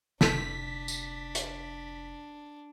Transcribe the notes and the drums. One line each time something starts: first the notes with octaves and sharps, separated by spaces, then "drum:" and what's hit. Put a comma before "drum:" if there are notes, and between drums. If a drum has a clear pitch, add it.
F1 D3 D4 A4 B6, drum: snare
drum: tambourine
drum: hi-hat